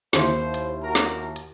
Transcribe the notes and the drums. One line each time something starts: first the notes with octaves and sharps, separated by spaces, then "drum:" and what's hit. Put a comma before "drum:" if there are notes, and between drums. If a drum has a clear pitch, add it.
D#2 E4 C5, drum: snare
drum: hi-hat
F#4 A#4 A#5
drum: snare
drum: hi-hat